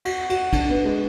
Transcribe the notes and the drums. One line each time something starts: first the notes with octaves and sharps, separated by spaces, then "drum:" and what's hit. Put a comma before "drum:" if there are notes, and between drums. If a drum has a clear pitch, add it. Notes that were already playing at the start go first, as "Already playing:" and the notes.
F#4, drum: cymbal
F#4, drum: cymbal
D4, drum: kick, cymbal
B3
G#3